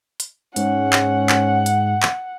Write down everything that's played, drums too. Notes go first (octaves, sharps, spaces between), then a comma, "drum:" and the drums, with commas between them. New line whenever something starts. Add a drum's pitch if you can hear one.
drum: hi-hat
G#2 C#4 F#5, drum: hi-hat
drum: clap
drum: clap
drum: hi-hat
drum: clap